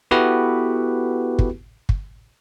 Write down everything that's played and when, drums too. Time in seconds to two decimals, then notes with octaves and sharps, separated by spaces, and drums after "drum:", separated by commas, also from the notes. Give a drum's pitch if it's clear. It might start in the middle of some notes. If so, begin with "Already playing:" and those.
0.11 B3 E4 F#4 G4 A4 B4
1.39 drum: kick
1.89 drum: kick